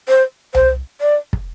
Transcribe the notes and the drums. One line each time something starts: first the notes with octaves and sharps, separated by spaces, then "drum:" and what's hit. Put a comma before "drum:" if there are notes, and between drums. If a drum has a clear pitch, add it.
C5
C5, drum: tom C2
D5
drum: kick